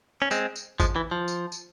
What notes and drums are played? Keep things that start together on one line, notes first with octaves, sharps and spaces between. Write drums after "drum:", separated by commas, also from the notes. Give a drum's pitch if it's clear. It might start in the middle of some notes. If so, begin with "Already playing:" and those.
C#4
G#3 C4, drum: tambourine
drum: tambourine
F3 G#3, drum: kick G#1, tambourine
E3
F3
drum: tambourine
drum: tambourine